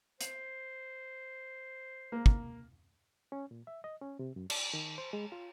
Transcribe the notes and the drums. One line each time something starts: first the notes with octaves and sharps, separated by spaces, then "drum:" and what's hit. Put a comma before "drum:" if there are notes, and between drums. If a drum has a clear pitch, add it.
C5, drum: hi-hat
A#3
drum: kick
C#4
A#2
E5
D#5
C#4
C3
F#2
D5, drum: cymbal
D#3
C5
G#3
F4